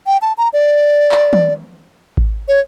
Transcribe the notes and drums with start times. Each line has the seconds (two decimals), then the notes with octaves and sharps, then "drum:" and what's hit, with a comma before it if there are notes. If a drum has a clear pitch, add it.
0.06 G5
0.22 A5
0.38 A#5
0.53 D5
1.12 drum: clap
1.33 drum: tom
2.17 drum: kick G#1
2.48 C#5